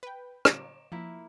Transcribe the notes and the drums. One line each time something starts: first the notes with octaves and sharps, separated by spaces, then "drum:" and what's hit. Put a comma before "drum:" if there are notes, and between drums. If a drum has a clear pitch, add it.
B4 G5
drum: rim click
F3 A#3 E4